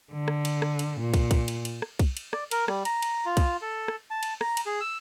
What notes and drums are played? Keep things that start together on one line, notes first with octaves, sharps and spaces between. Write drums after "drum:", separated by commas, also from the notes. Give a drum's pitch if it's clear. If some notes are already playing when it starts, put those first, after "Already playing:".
D3
drum: rim click
drum: cymbal
drum: rim click
drum: cymbal
A#2
drum: kick, cymbal
drum: kick, cymbal
drum: cymbal
drum: cymbal
drum: rim click
drum: kick, cymbal
drum: cymbal
D5, drum: rim click
A#4, drum: cymbal
G3, drum: rim click
A#5, drum: cymbal
drum: cymbal
F4
drum: kick, cymbal
A4
drum: rim click
A5
drum: cymbal
A#5, drum: rim click
drum: cymbal
G#4
E6